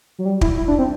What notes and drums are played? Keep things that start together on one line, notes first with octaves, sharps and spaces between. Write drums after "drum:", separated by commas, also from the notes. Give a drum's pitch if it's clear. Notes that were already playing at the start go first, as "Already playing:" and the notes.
F#3
G3
E4, drum: kick
E4
D4
C4